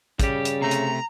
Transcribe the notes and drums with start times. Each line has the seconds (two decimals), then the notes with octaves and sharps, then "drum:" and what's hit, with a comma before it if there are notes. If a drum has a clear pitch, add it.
0.20 C#3 G3 G4, drum: kick, hi-hat
0.45 drum: hi-hat
0.62 C3 A3 A#5
0.71 drum: hi-hat